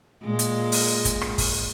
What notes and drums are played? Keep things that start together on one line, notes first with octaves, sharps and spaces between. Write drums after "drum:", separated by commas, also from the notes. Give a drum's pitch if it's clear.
A#2 G#3
drum: hi-hat
drum: open hi-hat
drum: kick, hi-hat
drum: rim click
drum: kick, open hi-hat